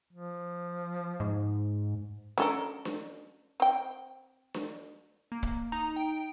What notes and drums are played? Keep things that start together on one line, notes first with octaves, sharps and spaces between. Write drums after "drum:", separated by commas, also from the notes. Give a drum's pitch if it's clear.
F3
G#2
C#4 A4 A#4, drum: snare D4
drum: snare D4
C4 G5
drum: snare D4
A#3
drum: kick
D#4 A#5
G5